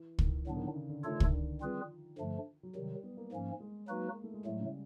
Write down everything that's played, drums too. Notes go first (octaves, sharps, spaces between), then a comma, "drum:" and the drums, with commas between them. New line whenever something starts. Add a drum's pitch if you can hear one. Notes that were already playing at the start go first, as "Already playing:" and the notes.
Already playing: E3
D#3, drum: kick
A2 D3 F#3 B3 D4
D#3
D3
C#3
D3
D#3 A3 D4 F4 A4 C#5
D3
D#3, drum: kick
D3
F3 G3 C4 F4 G#4 B4
G2 D3 F3 A3 D4
F#3
C3 D#3 F#3 G3
B3
A#3
G#2 F3 A#3 C#4
G#3
F#3 A#3 D#4 F#4 B4
A#3
A3
G#3
A2 F#3 G3 A3
C#3